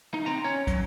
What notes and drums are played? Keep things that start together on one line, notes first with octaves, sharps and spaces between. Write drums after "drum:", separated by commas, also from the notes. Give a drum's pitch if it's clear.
D#4
C4 A#5
C#4 C#5
F#3, drum: kick, hi-hat